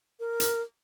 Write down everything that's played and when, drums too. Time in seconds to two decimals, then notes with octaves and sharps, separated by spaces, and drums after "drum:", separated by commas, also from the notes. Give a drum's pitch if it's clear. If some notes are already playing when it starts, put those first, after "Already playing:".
0.20 A#4
0.40 drum: hi-hat